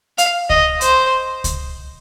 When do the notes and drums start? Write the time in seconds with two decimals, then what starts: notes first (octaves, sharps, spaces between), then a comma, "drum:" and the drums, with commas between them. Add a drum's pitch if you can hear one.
0.18 F5, drum: hi-hat
0.50 D#5, drum: kick C#2
0.81 C5, drum: hi-hat
1.44 drum: kick C#2, hi-hat